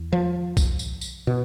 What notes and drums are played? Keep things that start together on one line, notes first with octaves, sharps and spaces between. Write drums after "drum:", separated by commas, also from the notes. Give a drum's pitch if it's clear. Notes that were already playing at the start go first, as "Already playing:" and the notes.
Already playing: E2
F3
drum: kick B1, tambourine
drum: tambourine
drum: tambourine
B2